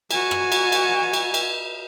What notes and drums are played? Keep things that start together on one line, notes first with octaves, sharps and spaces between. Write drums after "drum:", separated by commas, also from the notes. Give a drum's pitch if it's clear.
F#4 G#5, drum: cymbal
drum: rim click
drum: cymbal
drum: cymbal
drum: cymbal
drum: cymbal